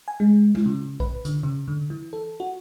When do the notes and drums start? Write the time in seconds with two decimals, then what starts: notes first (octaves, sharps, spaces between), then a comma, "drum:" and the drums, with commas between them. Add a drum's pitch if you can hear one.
0.08 G#5
0.20 G#3
0.55 drum: tom G#3
0.66 C#3
1.00 B4, drum: kick
1.25 D3, drum: hi-hat
1.43 C#3
1.68 D3
1.90 E3
2.13 A4
2.40 F#4